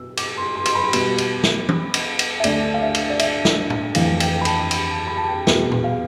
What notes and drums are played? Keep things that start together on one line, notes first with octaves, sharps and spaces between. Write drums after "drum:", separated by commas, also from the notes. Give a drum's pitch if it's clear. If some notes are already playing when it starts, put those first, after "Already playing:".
Already playing: B2 E6
D6, drum: cymbal
C6
C6
C6, drum: cymbal
B5
B2 G3 B3, drum: cymbal
drum: cymbal
drum: snare
drum: tom E3
drum: cymbal
drum: cymbal
E5
D2 D3 A3 D5, drum: cymbal
F5
E5
drum: cymbal
D5
E5, drum: cymbal
drum: snare
drum: tom
F2 E3 A3 F5, drum: cymbal
G5, drum: cymbal
B5
A5, drum: cymbal
B5, drum: cymbal
A5
B5
A5
G5
E2 B2 B3, drum: snare
drum: tom A#2
F5